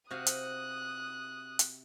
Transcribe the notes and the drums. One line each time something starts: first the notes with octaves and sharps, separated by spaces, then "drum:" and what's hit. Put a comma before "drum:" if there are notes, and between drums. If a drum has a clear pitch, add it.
C3 F#4 F5 D#6 F#6
drum: hi-hat
drum: hi-hat